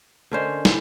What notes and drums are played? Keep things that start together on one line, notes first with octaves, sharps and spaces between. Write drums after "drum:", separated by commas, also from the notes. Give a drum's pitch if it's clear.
D3 C#4 A#4 C5 D5 D#5
E4, drum: snare